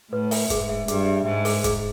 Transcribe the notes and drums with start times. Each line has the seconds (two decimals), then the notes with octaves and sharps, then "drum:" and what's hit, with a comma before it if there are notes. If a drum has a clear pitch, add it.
0.12 A2 B4
0.31 E5, drum: open hi-hat
0.50 G#2 G#4, drum: kick, hi-hat
0.69 E5
0.88 G2 G#4, drum: hi-hat
1.07 E5
1.25 G#2 E5
1.45 G#4, drum: open hi-hat
1.64 G#4, drum: kick, hi-hat